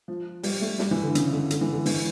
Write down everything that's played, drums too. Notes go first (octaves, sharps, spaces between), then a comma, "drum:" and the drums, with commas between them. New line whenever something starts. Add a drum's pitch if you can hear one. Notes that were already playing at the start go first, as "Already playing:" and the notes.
F3
G3, drum: open hi-hat
A3
G3, drum: snare
E3
D3
C#3, drum: hi-hat
D3
D3, drum: hi-hat
E3
D3
E3, drum: open hi-hat